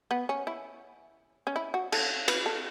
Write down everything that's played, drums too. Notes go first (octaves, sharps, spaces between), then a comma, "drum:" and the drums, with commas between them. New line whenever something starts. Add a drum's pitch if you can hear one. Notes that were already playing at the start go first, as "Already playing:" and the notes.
B3
C#4
E4
C#4
E4
F#4
A4, drum: cymbal
B4, drum: cymbal
A4